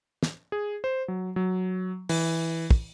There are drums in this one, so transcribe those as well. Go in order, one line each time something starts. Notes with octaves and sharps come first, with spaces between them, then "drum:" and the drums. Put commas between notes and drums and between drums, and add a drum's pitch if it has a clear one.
drum: snare
G#4
C5
F#3
F#3
E3, drum: open hi-hat
drum: kick